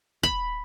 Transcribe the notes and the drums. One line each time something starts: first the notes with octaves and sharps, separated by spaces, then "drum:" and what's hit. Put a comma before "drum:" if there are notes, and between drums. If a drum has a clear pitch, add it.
B5, drum: kick